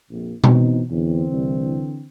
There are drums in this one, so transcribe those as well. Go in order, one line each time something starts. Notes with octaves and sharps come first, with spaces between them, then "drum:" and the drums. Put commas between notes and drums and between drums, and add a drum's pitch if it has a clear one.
A#1 F2
B2 E3 C4 D#4, drum: tom B2
E2 D3 E3 C4
C2